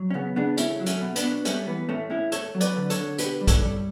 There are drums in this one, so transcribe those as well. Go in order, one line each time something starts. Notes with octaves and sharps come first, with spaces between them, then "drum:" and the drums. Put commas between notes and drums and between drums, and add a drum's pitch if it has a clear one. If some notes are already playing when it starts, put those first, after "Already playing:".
Already playing: F#3
C#4
C#3 B3
C#3 B3 D4
A3 C#4 E4, drum: hi-hat
F#3
A3 C#4, drum: hi-hat
B2
B3 D4, drum: hi-hat
B2
G3 A3 C#4, drum: hi-hat
E3 B3
A2 A3 C#4
A2 C#4 E4
A3 A4 C#5, drum: hi-hat
F#3
B4 D5, drum: hi-hat
D3
A4 C#5, drum: hi-hat
D3
B2 G4 B4, drum: hi-hat
G3
A4 C#5, drum: kick A#1, hi-hat
G3